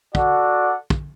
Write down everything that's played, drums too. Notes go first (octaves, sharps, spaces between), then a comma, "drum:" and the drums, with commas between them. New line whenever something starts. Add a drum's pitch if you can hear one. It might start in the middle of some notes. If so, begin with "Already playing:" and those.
F#4 A4 D5 F#5, drum: kick
drum: kick